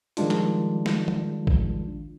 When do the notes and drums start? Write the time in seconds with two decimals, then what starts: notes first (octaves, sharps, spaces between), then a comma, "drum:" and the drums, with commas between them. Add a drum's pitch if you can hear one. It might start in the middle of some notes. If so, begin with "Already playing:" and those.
0.17 D#3 F3 G3 G#3 D4 F4, drum: hi-hat
0.31 drum: clap
0.86 drum: snare
1.08 drum: tom F3
1.47 drum: kick